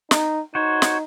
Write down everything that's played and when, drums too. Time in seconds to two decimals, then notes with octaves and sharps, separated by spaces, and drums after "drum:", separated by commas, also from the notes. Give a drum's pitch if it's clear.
0.11 D#4, drum: snare
0.55 D#4 F#4 C5 C#5
0.82 drum: snare